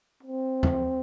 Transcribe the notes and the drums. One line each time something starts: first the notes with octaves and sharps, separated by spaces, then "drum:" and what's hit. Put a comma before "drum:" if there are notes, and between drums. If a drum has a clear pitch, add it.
C4
drum: tom E2